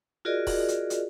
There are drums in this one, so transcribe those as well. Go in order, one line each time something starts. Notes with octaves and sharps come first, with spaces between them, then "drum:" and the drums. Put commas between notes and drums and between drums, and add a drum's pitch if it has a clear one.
F4 F#4 G#4 A#4 D5 D#5
drum: kick D#1, open hi-hat
drum: hi-hat
drum: hi-hat